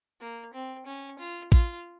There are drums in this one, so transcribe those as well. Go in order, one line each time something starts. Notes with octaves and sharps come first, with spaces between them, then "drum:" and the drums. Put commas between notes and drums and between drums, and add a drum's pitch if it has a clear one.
A#3
C4
C#4
F4
F4, drum: kick A1